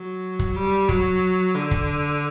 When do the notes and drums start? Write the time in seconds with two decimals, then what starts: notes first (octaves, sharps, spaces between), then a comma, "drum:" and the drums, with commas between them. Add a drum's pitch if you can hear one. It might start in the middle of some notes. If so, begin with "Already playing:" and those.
Already playing: F#3
0.39 drum: kick
0.56 G3
0.89 F#3, drum: kick
1.55 D3
1.71 drum: kick